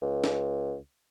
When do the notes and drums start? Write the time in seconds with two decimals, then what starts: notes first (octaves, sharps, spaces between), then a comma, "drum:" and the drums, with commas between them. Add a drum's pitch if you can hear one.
0.02 C#2
0.24 drum: snare